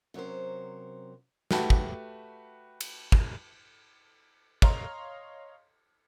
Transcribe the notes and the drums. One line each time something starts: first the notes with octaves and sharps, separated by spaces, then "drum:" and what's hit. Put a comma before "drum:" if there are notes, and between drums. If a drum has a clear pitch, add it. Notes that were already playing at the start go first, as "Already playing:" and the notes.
C3 F#3 C#4 A#4 C5
A3 F#4 G4 B4 A5, drum: snare
drum: kick
drum: cymbal
drum: kick
C#5 D#5 F5 A#5 C6, drum: kick